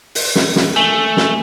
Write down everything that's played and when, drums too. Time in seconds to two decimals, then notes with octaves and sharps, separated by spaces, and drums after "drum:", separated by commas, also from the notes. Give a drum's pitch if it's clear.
0.15 drum: open hi-hat
0.35 drum: snare
0.56 drum: snare
0.76 A3 G#5 F#7 G7
1.17 drum: snare